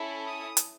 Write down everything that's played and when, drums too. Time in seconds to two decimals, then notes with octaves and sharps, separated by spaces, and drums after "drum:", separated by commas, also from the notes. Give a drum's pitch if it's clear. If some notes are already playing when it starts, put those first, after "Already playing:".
Already playing: C#4 E4 A4
0.23 D#6
0.57 drum: hi-hat